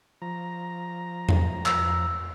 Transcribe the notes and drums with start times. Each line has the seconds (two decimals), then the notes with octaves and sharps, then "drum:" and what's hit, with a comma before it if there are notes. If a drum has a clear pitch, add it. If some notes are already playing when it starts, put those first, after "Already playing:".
0.22 F3 A#5
1.29 drum: tom E2
1.66 E6, drum: clap